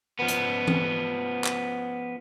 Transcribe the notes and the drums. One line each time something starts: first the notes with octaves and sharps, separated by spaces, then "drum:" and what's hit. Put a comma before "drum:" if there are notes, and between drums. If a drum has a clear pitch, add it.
F3 B3
drum: hi-hat
drum: tom E3
drum: clap